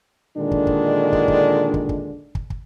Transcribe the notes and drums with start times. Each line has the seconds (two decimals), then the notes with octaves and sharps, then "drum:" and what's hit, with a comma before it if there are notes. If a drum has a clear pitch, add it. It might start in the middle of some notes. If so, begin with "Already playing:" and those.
0.36 A#2 D3 D#3 G#3 D4
0.52 drum: kick
0.67 drum: kick
1.13 drum: kick
1.28 drum: kick
1.74 drum: kick
1.89 drum: kick
2.35 drum: kick
2.50 drum: kick